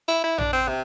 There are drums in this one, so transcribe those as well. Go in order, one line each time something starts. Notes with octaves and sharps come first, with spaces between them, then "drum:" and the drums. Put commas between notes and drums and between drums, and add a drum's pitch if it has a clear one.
E4
E4
D4, drum: tom
C4
C3